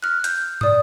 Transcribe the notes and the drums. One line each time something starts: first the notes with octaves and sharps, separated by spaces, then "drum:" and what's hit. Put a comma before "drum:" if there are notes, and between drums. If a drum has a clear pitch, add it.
F6 F#6
G6, drum: hi-hat
D5 D#6, drum: tom